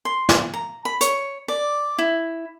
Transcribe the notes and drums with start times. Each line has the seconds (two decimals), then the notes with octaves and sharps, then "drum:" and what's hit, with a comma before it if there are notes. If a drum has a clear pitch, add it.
0.05 C6
0.29 drum: snare
0.54 A#5
0.85 B5
1.01 C#5, drum: hi-hat
1.48 D5
1.98 E4